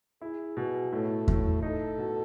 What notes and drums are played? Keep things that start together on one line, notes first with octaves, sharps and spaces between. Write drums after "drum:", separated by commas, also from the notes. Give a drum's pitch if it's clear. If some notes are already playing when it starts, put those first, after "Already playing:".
E4 G#4
B2
A2 A4
A2, drum: kick E2
D#4 A4
B2